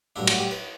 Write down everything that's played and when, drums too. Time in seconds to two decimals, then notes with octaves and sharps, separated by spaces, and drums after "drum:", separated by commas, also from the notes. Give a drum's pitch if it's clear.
0.16 A1 G2 F#3 A3 D4 E4
0.27 F#4, drum: cymbal
0.39 G4
0.51 B4